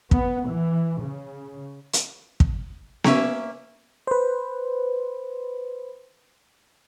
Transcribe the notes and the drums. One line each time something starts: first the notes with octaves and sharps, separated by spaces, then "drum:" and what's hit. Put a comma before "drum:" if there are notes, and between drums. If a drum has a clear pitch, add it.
B3, drum: kick
E3
C#3
drum: hi-hat
drum: kick
A#3 C#4 E5, drum: snare B3
B4 C5